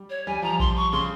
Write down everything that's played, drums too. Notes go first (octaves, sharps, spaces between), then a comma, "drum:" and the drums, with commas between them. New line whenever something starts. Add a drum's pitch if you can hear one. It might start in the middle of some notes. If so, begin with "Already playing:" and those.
Already playing: G3
C#5
G3 G#5
F3 A#5
C6, drum: kick A#1
C#6
C#3 C6